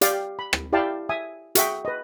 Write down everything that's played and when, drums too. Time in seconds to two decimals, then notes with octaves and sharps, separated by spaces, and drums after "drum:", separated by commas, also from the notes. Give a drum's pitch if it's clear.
0.01 G4 D5 F5 G5, drum: hi-hat
0.39 B5
0.53 drum: rim click
0.73 E4 G4 D5 F5 G5 A5
1.09 E5 G#5 D#6
1.55 F#4 G#4 E5 G5, drum: hi-hat
1.85 B4 D#5